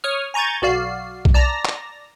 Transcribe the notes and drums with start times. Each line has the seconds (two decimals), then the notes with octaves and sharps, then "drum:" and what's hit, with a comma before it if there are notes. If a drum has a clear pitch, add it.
0.04 C#5 C#6 D#6 F6
0.34 G#5 A#5 C#6 G6 A6
0.62 B1 F#4 D5 F5 C7
1.25 drum: kick B1
1.34 D5 A5 A#5 A#6
1.66 drum: clap